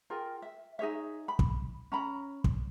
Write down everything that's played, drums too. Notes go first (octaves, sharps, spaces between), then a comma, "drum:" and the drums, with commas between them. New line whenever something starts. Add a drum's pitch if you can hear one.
F4 G#4 A#4 G5
E5
D#4 G#4 C#5 E5
B5
drum: kick
C#4 A#5 B5
drum: kick